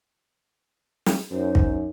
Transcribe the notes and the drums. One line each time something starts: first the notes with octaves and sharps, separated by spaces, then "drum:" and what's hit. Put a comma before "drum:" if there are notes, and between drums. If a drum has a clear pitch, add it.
drum: snare
F#2 D#4 C5
drum: kick